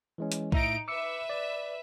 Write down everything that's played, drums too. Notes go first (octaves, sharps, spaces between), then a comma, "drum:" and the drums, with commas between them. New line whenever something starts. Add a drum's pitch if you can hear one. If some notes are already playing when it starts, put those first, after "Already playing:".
E3 G#3 C#4
drum: hi-hat
A2 D#4 E5 A#6 D7, drum: kick B1
B4 E5 D6 E6 C#7
D5